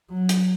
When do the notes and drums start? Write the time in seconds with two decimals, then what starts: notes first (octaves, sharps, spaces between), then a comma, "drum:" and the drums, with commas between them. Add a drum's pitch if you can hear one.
0.10 F#3
0.29 drum: hi-hat